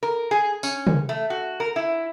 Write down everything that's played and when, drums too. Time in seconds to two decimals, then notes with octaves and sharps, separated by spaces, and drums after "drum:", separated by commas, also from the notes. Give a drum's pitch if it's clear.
0.03 A#4
0.31 G#4
0.63 C#4, drum: tambourine
0.87 drum: tom
1.09 A3
1.30 F#4
1.60 A#4
1.76 E4